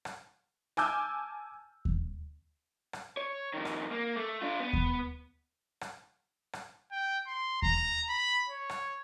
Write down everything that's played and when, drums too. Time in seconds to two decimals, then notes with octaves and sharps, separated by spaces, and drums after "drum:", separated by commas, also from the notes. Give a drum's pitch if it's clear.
0.05 drum: rim click
0.77 G#5 A5 D6 E6 F6 G6, drum: rim click
1.85 drum: kick D#2
2.93 drum: rim click
3.17 C#5
3.54 F2 D#3
3.65 drum: rim click
3.91 A#3
4.17 A3
4.42 D4 F4
4.60 B3
4.73 drum: kick D#2
5.81 drum: rim click
6.53 drum: rim click
6.92 G5
7.27 C6
7.62 A#5, drum: kick D#2
8.10 B5
8.50 C#5
8.69 drum: rim click